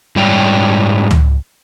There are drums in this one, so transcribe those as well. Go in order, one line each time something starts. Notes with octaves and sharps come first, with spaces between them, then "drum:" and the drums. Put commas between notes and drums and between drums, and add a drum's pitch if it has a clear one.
G#2 G3 E4 C#5 D5 G5
drum: tom C#2